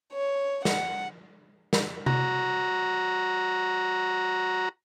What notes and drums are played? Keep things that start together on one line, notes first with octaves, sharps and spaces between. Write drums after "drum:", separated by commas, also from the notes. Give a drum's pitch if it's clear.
C#5
F#5, drum: snare
drum: snare
F#4 A#5, drum: tom C3